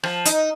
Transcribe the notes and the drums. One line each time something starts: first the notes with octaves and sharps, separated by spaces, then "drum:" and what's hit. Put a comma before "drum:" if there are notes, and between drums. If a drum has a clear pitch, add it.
F3, drum: rim click
D#4, drum: hi-hat